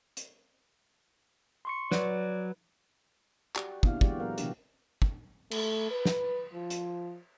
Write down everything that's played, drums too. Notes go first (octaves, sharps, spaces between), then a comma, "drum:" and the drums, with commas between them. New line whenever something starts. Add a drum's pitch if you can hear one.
drum: hi-hat
C6 C#6 C#7
F#3 B4 D5, drum: snare
F#4 G4 D5, drum: clap
A#2 D3 B3 E4 F5, drum: kick
E3 G#3 F#4 G4 D5, drum: kick
F#3 B3 A#4 F5
C3 E3 F3 B3 D4 G4, drum: hi-hat
drum: kick
A3, drum: cymbal
B4
drum: snare
F3
drum: hi-hat